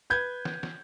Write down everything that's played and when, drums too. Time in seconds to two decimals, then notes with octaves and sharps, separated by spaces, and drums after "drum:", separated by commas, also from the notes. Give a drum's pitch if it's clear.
0.10 B4 G6 G#6
0.45 drum: snare
0.63 drum: snare